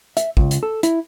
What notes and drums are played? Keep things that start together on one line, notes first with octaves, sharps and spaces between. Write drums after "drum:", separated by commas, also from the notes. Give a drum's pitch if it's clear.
E5, drum: hi-hat
C#2, drum: kick
drum: hi-hat
A4
E4, drum: hi-hat